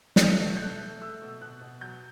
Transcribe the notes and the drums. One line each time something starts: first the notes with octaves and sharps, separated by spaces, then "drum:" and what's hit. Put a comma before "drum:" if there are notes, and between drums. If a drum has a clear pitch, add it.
F#6, drum: snare
A3 G6
B2
G6
A3 F#6
A3
A3 E6
B2
B2 F#6
B2
F#3 G6